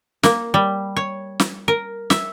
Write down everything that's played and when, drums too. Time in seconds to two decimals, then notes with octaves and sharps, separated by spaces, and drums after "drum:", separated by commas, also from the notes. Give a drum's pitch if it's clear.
0.23 A#3, drum: snare
0.54 G3
0.97 C#5
1.40 drum: snare
1.68 A#4
2.10 E5, drum: snare